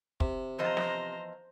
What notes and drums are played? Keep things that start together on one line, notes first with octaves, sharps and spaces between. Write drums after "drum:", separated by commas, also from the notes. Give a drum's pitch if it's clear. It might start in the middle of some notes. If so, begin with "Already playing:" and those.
C3, drum: kick
E2 F3 C5 D#5 A#5
drum: snare